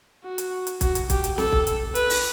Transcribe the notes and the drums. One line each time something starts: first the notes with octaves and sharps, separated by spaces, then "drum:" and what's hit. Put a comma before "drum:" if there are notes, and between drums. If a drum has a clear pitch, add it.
F#4
drum: hi-hat
drum: hi-hat
F#4, drum: kick, hi-hat
drum: hi-hat
G4, drum: kick, hi-hat
drum: hi-hat
A4, drum: snare
drum: kick
drum: hi-hat
B4, drum: hi-hat
drum: open hi-hat